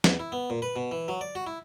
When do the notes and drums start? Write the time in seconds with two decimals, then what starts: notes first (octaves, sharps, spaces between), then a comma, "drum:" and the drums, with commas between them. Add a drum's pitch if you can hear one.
0.04 E2, drum: snare
0.20 E4
0.32 B3
0.50 A#2
0.62 B4
0.76 B2
0.91 E3
1.08 F#3
1.21 D5
1.35 F#4
1.47 E4